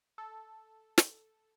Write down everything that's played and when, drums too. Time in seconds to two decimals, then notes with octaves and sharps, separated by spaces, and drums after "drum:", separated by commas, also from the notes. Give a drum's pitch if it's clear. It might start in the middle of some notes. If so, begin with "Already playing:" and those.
0.18 A4
0.98 drum: snare